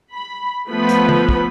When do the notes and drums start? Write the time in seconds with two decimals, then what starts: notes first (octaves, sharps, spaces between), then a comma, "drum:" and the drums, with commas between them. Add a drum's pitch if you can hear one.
0.14 B5
0.69 F3 A3 B3 B4 B5
0.89 drum: hi-hat
1.09 drum: tom
1.29 drum: kick